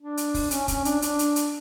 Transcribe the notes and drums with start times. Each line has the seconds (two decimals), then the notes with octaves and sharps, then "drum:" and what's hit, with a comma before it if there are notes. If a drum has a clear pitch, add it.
0.01 D4
0.17 drum: hi-hat
0.34 drum: kick, open hi-hat
0.51 C#4, drum: hi-hat
0.68 C#4, drum: kick, hi-hat
0.85 D4, drum: hi-hat
1.02 D4, drum: hi-hat
1.19 drum: hi-hat
1.36 drum: hi-hat